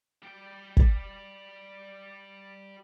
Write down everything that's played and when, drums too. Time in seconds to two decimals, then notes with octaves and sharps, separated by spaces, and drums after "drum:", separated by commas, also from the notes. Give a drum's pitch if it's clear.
0.23 G3 G5
0.77 drum: kick